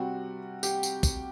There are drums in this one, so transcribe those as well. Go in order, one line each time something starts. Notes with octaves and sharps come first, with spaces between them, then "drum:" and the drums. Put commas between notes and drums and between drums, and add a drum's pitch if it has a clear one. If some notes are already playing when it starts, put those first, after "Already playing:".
Already playing: C3 G3 C4 F#4
G4, drum: tambourine
drum: tambourine
drum: kick, tambourine